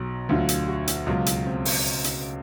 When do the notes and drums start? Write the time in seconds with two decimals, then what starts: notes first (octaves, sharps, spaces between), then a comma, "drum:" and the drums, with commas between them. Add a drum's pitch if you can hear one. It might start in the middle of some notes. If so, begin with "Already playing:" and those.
Already playing: B1 B2 F#3
0.29 D2 D3 F#3 F4
0.49 drum: hi-hat
0.68 F#4
0.87 drum: hi-hat
1.06 C#2 B2 F#3 F4
1.26 drum: hi-hat
1.45 C4
1.65 drum: open hi-hat
2.04 drum: hi-hat